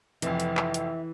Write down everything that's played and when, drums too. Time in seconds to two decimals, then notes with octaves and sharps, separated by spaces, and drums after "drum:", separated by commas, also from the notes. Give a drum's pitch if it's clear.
0.22 F1 F2 E3 E5, drum: hi-hat
0.40 drum: hi-hat
0.57 drum: clap
0.74 drum: hi-hat